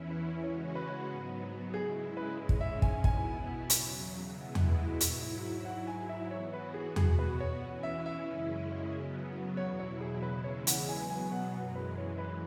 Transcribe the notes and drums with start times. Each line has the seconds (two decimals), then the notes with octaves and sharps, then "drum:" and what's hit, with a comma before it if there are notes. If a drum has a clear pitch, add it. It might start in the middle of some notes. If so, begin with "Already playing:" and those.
Already playing: E2 E3 C#4 E4
0.10 B4
0.43 C#3 G#3 C#4 F#4 C#5
0.75 B4
1.08 G#2 F#3 B3
1.74 C#3 G#3 E4 G#4
2.17 B4
2.38 G#2 G#3 C#4
2.49 drum: kick
2.61 E5
2.82 G#5, drum: kick
3.04 B2 B3 E4 G#5, drum: kick
3.70 E2 C#3 F#3, drum: hi-hat
4.35 B2 G#3 B3 E4
4.55 drum: tom E2
5.00 G#2 F#3 E4, drum: hi-hat
5.65 G#2 F#3 E4 F#5
5.87 G#5
6.09 E5
6.31 E3 B3 F#4 C#5
6.53 B4
6.74 G#4
6.96 B2 B3 F#4 G#4, drum: tom E2
7.19 B4
7.40 C#5
7.61 E3 C#4 E4
7.83 E5
8.06 E5
8.27 F#2 C#3 G#3 C#4 E4
8.92 C#3 F#3 B3
9.57 E2 B2 F#3 E4 C#5
9.79 C#5
10.01 G#4
10.22 E2 C#3 G#3 E4 B4
10.44 C#5
10.67 F#5, drum: hi-hat
10.88 B2 F#3 B3 G#5
11.10 G#5
11.32 F#5
11.53 F#2 E3 G#3 F#5
11.76 B4
11.98 C#5
12.18 B4